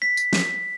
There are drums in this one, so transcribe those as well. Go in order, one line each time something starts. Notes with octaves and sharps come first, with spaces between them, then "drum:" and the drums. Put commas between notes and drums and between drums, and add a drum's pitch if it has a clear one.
B6
drum: tambourine
drum: snare